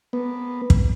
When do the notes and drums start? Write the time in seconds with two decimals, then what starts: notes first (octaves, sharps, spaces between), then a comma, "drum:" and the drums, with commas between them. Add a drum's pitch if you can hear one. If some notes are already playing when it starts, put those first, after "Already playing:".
0.13 B3
0.70 drum: kick